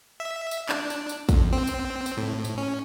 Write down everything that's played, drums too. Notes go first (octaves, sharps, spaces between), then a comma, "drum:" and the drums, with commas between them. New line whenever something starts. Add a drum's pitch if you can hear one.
E5
drum: tambourine
D4, drum: clap
drum: tambourine
drum: tambourine
F2, drum: kick, tambourine
C4
drum: tambourine
drum: tambourine
A2
drum: tambourine
C#4